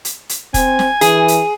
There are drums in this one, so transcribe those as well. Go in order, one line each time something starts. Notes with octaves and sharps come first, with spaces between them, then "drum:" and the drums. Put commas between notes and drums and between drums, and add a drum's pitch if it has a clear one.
drum: hi-hat
drum: hi-hat
C4 G#5, drum: kick, hi-hat
drum: snare
E3 G#4, drum: hi-hat
drum: hi-hat